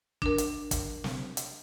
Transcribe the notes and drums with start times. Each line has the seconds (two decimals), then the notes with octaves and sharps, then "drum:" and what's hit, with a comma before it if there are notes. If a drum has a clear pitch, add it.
0.22 D4 A#4, drum: kick
0.38 drum: hi-hat
0.71 drum: kick, hi-hat
1.04 drum: snare
1.37 drum: hi-hat